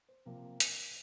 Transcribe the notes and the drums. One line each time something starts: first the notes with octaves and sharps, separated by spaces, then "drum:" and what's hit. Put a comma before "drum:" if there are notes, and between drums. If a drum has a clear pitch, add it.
C5
C3 F3 A#3 A#4
drum: hi-hat